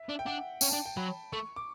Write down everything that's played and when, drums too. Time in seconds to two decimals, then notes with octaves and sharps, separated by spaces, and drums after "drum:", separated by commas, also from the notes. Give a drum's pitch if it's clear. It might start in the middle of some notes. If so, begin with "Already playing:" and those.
Already playing: E5
0.09 D4
0.19 G5
0.26 D4 F#5
0.61 C#4 G5, drum: tambourine
0.69 A5
0.73 D4 G5
0.86 G5
0.97 F#3 B5
1.32 A3 C#6
1.56 D6